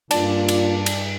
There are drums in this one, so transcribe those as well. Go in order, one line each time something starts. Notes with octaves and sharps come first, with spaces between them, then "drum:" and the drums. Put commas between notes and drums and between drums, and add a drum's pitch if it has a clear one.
G2 A#3 D4 F4 D5 A5, drum: cymbal
drum: cymbal
drum: cymbal